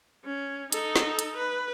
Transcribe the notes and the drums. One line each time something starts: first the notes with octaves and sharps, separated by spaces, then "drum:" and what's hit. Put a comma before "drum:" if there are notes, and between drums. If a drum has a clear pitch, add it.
C#4
D#4 A4, drum: hi-hat
drum: snare
drum: hi-hat
B4